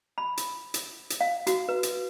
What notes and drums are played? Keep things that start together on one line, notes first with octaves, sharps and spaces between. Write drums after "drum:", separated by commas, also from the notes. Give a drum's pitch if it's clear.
B5
drum: hi-hat
drum: hi-hat
drum: hi-hat
F5
F#4, drum: hi-hat
B4
drum: hi-hat